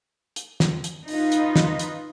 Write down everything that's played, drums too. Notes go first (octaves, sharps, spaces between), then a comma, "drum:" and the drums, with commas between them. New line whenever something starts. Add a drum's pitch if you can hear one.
drum: hi-hat
drum: snare
drum: hi-hat
D#4 F4 B4, drum: open hi-hat
drum: hi-hat
drum: snare
drum: hi-hat